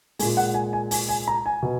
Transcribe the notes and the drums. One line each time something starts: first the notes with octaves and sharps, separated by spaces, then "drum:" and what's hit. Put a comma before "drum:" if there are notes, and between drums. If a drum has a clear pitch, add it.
A#2 G#3 G#5, drum: open hi-hat
F#5
G#5
G#5
G#5, drum: open hi-hat
G#5
A#5
G#5
B2